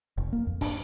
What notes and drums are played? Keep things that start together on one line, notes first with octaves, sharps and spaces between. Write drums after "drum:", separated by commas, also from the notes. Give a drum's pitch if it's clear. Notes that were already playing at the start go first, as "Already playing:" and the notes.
F1
A#3
F2
D4, drum: kick, open hi-hat